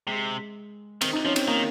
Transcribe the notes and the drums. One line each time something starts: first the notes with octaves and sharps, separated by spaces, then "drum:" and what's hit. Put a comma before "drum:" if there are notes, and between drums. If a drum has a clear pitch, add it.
C3 G#3
D#3 C4, drum: cymbal
D#4
F3 C#4
C4, drum: cymbal
D#3 A#3